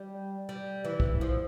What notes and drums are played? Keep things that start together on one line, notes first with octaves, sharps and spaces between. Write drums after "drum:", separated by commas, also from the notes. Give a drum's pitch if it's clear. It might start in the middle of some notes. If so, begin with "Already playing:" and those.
Already playing: G3
G3
E3
drum: kick
F3